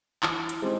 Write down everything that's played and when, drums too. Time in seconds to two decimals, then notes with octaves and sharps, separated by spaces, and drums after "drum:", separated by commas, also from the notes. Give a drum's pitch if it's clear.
0.23 E3, drum: clap
0.49 drum: hi-hat
0.62 G#3 C4 D#4 G4